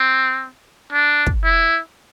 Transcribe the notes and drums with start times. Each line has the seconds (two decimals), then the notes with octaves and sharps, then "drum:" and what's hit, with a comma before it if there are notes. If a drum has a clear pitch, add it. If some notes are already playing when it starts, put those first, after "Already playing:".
Already playing: C4
0.92 D4
1.27 drum: kick
1.44 E4